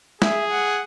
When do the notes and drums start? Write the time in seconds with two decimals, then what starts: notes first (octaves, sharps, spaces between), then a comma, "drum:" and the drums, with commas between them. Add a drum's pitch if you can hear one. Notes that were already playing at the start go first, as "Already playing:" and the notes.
0.22 G#4 E5, drum: snare
0.52 F#5